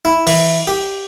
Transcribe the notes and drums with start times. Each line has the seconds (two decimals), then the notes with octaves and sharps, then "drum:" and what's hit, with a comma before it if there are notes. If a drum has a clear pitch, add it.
0.05 E4
0.27 E3, drum: open hi-hat
0.67 G4